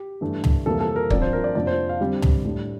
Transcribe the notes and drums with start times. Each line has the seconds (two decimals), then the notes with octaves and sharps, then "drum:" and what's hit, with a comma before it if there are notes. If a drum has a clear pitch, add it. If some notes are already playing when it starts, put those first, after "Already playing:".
Already playing: G4
0.21 G2 E3 A3 D4
0.44 drum: tom
0.66 F2 C3 E3 G3 A#3 A4
0.80 A4
0.96 A#4
1.10 G2 F3 C4 D5, drum: kick
1.22 C5
1.33 A#4
1.44 D5
1.55 F2 C3 F3 A#3 D4 D5
1.67 C5
1.89 F5
2.00 D3 G3 C4
2.22 drum: tom
2.45 A2 G3 D4